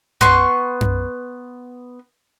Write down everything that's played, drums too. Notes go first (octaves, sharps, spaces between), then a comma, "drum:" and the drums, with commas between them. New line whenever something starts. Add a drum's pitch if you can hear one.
B3 C6 C#6, drum: tom F#2
drum: tom F#2